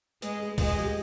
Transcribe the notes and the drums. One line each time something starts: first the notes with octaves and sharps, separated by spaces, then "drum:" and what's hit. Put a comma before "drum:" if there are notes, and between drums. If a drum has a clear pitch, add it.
G#3 B4, drum: hi-hat
G#4
G#3 F4, drum: kick C#2, open hi-hat
G4
G#4